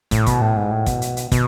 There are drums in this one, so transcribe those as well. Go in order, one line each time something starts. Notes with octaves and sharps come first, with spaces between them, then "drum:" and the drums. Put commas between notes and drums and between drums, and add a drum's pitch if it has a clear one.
A2, drum: kick, hi-hat
B2, drum: kick, hi-hat
A2
G#2
A2
B2, drum: kick, hi-hat
drum: hi-hat
drum: hi-hat
B2, drum: kick, hi-hat